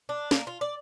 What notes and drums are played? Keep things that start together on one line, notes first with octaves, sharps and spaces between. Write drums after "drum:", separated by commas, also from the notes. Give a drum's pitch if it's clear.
D4
A#3, drum: snare
F4
D5